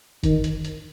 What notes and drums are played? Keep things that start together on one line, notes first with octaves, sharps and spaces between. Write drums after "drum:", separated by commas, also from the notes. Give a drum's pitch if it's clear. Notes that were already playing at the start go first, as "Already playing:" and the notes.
D#3, drum: kick, hi-hat
drum: hi-hat
drum: hi-hat